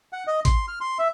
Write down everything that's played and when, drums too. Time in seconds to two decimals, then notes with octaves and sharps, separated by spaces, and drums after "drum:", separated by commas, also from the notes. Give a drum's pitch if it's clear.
0.13 F#5
0.27 D#5
0.45 C6, drum: kick G#1, hi-hat
0.68 F6
0.81 C6
0.99 E5